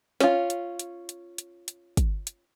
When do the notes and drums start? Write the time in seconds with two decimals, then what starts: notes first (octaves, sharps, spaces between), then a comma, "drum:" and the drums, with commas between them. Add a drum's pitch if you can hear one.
0.21 C#4 F4, drum: snare
0.50 drum: hi-hat
0.79 drum: hi-hat
1.09 drum: hi-hat
1.38 drum: hi-hat
1.68 drum: hi-hat
1.97 drum: kick, hi-hat
2.27 drum: hi-hat